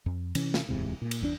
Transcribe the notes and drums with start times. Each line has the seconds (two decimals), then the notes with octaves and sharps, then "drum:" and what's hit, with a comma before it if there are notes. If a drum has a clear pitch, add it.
0.06 F2
0.35 C3 E3 C#4, drum: cymbal
0.54 drum: snare
0.69 D1 E2 G#2 C3
1.02 A#2
1.11 drum: cymbal
1.21 G1 E2 C3 D4